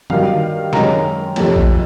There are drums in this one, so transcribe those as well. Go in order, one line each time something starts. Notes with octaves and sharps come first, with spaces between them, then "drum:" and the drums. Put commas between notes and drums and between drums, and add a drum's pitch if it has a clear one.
G2 D#3 F#3 F5, drum: tom D3
F#2 D#3 G#3 C#4 A#5, drum: snare
F2 C3 F3 A3 C#4, drum: cymbal
drum: kick A#1